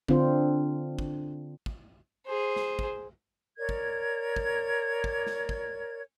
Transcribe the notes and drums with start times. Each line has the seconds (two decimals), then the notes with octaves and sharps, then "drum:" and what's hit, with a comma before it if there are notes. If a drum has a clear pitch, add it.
0.08 D3 C4 D4 F4 C5, drum: kick
0.99 drum: kick
1.66 drum: kick
2.26 G#4 C5
2.56 drum: snare
2.79 drum: kick
3.58 A#4 C#5 D5 G#6
3.69 drum: kick
4.36 drum: kick
5.04 drum: kick
5.27 drum: snare
5.49 drum: kick